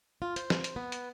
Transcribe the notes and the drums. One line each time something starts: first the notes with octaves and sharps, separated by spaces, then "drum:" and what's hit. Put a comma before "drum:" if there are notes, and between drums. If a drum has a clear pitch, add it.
F4
C5, drum: hi-hat
drum: snare
drum: hi-hat
B3
drum: hi-hat